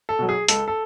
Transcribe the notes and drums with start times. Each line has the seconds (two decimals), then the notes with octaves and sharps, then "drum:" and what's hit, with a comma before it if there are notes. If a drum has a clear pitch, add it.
0.09 A4
0.19 B2 F#3
0.29 G#4
0.48 C#2 A4, drum: hi-hat
0.68 A4